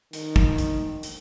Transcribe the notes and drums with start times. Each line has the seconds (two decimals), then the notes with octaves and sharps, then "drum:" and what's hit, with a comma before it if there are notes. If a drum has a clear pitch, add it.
0.13 D#3, drum: hi-hat
0.36 drum: kick
0.58 drum: hi-hat
1.03 drum: hi-hat